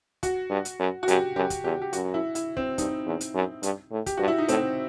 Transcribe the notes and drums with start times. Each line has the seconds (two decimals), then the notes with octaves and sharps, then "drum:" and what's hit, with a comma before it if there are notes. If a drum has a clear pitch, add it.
0.23 F#4, drum: kick, hi-hat
0.50 G2
0.65 drum: hi-hat
0.80 F#2
1.03 F#4
1.08 F#2 G4, drum: hi-hat
1.36 F#2 G4
1.50 drum: kick, hi-hat
1.64 E2 G4
1.82 G4
1.93 F#2 F#4, drum: hi-hat
2.14 E4
2.35 E4, drum: hi-hat
2.57 C4, drum: kick
2.78 G2 D#4, drum: kick, hi-hat
3.06 E2
3.21 drum: hi-hat
3.35 F#2
3.63 G2, drum: hi-hat
3.92 A2
4.06 G4, drum: kick, hi-hat
4.17 G2 F#4
4.28 E4
4.38 D#4
4.48 A2 C4, drum: hi-hat